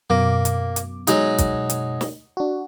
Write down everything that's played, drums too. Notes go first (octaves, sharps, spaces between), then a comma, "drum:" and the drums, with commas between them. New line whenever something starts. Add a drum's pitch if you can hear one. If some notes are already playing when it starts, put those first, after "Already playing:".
F#2 B2 A#3 D6
drum: hi-hat
drum: hi-hat
F#3 G#3 D#4, drum: hi-hat
drum: kick, hi-hat
drum: hi-hat
drum: snare
D4 F#4